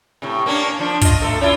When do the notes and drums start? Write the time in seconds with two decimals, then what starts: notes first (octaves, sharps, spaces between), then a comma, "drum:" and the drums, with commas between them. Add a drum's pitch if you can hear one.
0.22 A2 C3
0.46 A#3 C#4 D4
0.79 F3 D4
1.01 F4 D#5, drum: kick, hi-hat
1.22 A3 A4
1.41 C#4 E4 F4